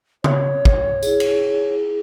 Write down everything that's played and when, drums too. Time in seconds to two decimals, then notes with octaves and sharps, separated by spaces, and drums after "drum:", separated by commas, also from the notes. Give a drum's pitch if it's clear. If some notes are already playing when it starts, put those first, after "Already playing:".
0.24 C#5, drum: tom C#3
0.65 drum: kick
1.03 E4 G#4, drum: tambourine
1.20 drum: cymbal